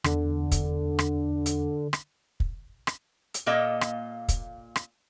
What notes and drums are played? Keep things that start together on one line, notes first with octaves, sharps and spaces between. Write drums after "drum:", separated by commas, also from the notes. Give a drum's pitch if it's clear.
E2 D3, drum: rim click
drum: kick, hi-hat
drum: rim click
drum: hi-hat
drum: rim click
drum: kick
drum: rim click
drum: hi-hat
A#2 A#3 A4 D#5
drum: rim click
drum: kick, hi-hat
drum: rim click